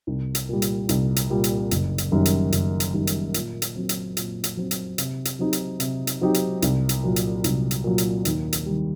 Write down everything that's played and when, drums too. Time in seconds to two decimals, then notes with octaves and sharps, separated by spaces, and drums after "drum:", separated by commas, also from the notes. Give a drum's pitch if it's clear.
0.07 C2
0.35 drum: hi-hat
0.49 A#2 G3
0.62 drum: hi-hat
0.89 C2, drum: hi-hat
1.16 drum: hi-hat
1.30 A#2 G3
1.44 drum: hi-hat
1.71 F#1, drum: hi-hat
1.98 drum: hi-hat
2.12 F#2 D#3 G3
2.25 drum: hi-hat
2.52 F#1, drum: hi-hat
2.80 drum: hi-hat
2.94 F#2 D#3 G3
3.07 drum: hi-hat
3.34 A#2, drum: hi-hat
3.62 drum: hi-hat
3.76 F#3 C4
3.89 drum: hi-hat
4.17 A#2, drum: hi-hat
4.44 drum: hi-hat
4.57 F#3 C4
4.71 drum: hi-hat
4.98 C3, drum: hi-hat
5.25 drum: hi-hat
5.39 F#3 C4 D#4 G4
5.53 drum: hi-hat
5.80 C3, drum: hi-hat
6.07 drum: hi-hat
6.21 F#3 C4 D#4 G4
6.34 drum: hi-hat
6.62 C2, drum: hi-hat
6.89 drum: hi-hat
7.03 A#2 F#3
7.16 drum: hi-hat
7.44 C2, drum: hi-hat
7.71 drum: hi-hat
7.84 A#2 F#3
7.98 drum: hi-hat
8.25 D#2, drum: hi-hat
8.53 drum: hi-hat
8.66 G3
8.71 D#3